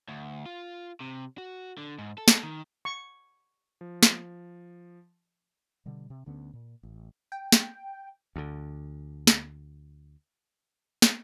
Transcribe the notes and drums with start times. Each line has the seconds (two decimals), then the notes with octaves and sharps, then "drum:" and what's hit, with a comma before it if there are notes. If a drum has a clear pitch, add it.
0.08 D2
0.46 F4
1.01 C3
1.38 F#4
1.78 D3
1.98 G#2
2.18 A4
2.28 drum: snare
2.43 D#3
2.85 C#6
3.81 F3
4.03 drum: snare
5.86 B2 D3 G3
6.10 C3
6.26 D2 D3 B3 C#4
6.53 A#2
6.83 A1
7.32 G5
7.52 drum: snare
8.36 D2 D3
9.27 drum: snare
11.02 drum: snare